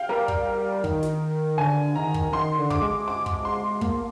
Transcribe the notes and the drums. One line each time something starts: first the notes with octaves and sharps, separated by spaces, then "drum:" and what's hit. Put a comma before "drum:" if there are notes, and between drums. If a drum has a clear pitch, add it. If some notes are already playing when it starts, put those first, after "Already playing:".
Already playing: F5 G5
G3 A#4
drum: kick
D#3, drum: kick
drum: snare
D3 G#5
D#3 A#5
drum: kick
D#3 C6
D3
D6, drum: kick
G#3
D6
drum: kick
C6
A#3, drum: kick